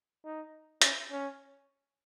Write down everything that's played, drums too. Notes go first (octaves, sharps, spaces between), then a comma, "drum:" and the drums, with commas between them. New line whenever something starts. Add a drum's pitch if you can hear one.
D#4
C#4, drum: hi-hat
C#4